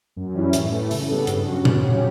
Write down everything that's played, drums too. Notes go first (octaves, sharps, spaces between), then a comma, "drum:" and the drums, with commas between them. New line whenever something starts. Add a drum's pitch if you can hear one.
F#2
E3 G3 C#4 E4
A2, drum: hi-hat
E3 A3
C#3, drum: open hi-hat
G3 B3 D4 A4
G2, drum: hi-hat
F#3 C#4 F#4
C#3, drum: tom A#2
F#3 C#4 G4